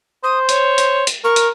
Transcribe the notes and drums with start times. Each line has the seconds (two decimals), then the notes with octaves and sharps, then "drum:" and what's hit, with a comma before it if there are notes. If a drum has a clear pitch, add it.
0.24 C5 D#6
0.49 C#5, drum: hi-hat
0.78 drum: hi-hat
1.07 drum: hi-hat
1.24 A#4 C#6
1.36 drum: hi-hat